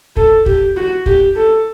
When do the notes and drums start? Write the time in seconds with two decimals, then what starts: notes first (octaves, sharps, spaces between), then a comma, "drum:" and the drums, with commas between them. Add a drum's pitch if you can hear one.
0.16 A4, drum: kick
0.46 G4, drum: kick
0.76 F#4
1.06 G4, drum: kick
1.36 A4